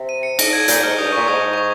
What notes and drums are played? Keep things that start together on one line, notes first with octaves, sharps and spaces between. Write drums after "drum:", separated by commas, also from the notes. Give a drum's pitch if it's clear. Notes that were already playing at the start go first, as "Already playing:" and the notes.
Already playing: C3
D#7
C#7
A#6, drum: cymbal
G#6
A#2 G6, drum: hi-hat
G#2 F6
G2 D#6
A#2 C#6
G#2 D#6
C#6
D#6